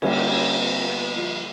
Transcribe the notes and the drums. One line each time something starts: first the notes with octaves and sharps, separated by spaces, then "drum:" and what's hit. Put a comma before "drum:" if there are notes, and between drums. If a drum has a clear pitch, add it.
D3 G3 A#3 C#4, drum: cymbal
C#4
C4
B3
F3